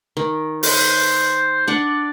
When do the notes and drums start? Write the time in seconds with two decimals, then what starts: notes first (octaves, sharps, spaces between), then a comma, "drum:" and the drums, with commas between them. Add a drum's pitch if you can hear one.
0.17 D#3
0.63 C5, drum: open hi-hat
1.67 D4 D5 F#5